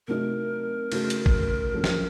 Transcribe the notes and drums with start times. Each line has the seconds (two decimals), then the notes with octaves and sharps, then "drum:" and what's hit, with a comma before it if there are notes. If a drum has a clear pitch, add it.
0.08 C3 F#3 A3 D#4 A#4
0.92 C#3 A3 D#4 F#4 A4, drum: cymbal
1.10 drum: hi-hat
1.26 drum: kick
1.74 F#2 F3 A#3 C#4 A4
1.84 drum: snare